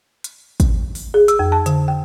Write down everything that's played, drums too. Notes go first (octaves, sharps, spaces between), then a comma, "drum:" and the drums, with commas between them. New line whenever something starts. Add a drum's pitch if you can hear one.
drum: hi-hat
drum: kick, hi-hat
drum: open hi-hat
G#4
E6, drum: hi-hat
F2
A5
D3, drum: hi-hat
G5